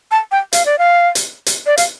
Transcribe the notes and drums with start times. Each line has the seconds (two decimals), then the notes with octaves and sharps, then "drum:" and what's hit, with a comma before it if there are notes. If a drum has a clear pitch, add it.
0.11 A5
0.32 G5
0.53 F5, drum: hi-hat
0.66 D5
0.79 F5
1.15 drum: hi-hat
1.46 drum: hi-hat
1.66 D5
1.77 F5, drum: hi-hat